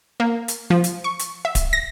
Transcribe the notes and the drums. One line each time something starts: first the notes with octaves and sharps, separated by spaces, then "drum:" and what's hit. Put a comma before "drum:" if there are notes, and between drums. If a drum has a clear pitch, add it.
A#3
drum: hi-hat
F3
drum: hi-hat
C#6
drum: hi-hat
E5
drum: kick D1, hi-hat
A#6